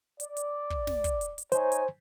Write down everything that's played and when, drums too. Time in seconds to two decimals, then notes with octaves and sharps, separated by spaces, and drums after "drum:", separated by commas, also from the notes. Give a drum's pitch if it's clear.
0.20 D5, drum: hi-hat
0.37 drum: hi-hat
0.70 drum: kick
0.87 drum: snare
1.04 drum: kick, hi-hat
1.21 drum: hi-hat
1.38 drum: hi-hat
1.52 D#4 C5 C#5 G#5, drum: hi-hat
1.72 drum: hi-hat